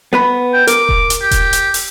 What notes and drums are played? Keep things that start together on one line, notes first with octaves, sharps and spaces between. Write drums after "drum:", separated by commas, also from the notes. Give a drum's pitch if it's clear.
B3 B4 B5
G5
A#4 D6, drum: hi-hat
drum: kick E1
drum: hi-hat
G4
drum: kick E1, hi-hat
drum: hi-hat
drum: open hi-hat